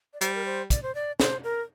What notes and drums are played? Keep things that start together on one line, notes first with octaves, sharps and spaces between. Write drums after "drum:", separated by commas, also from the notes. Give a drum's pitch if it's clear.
D5
G3 C5, drum: hi-hat
A#4
C5
D5, drum: kick, hi-hat
C5
D5
C5, drum: snare
A#4